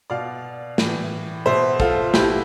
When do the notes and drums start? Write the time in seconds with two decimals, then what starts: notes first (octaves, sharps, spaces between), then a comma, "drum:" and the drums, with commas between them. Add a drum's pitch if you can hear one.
0.10 B2 D5 F5
0.78 A2 E3, drum: snare
1.46 B2 C5 E5
1.80 F4 A4, drum: kick
2.14 B2 E4 G4, drum: snare